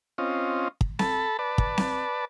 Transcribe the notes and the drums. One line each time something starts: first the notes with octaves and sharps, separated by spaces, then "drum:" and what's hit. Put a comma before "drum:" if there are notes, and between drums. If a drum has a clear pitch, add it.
C4 C#4 F4 D#5
drum: kick
A4 A5 B5, drum: snare C4
B4 D5 A5
drum: kick
drum: snare C4